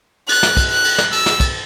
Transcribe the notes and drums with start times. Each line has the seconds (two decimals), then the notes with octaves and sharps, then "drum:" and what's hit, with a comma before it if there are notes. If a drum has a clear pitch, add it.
0.29 F#6, drum: cymbal
0.43 drum: snare
0.57 drum: kick, cymbal
0.71 F#6
0.85 drum: cymbal
0.98 drum: snare
1.13 E6, drum: cymbal
1.26 drum: snare
1.40 drum: kick, cymbal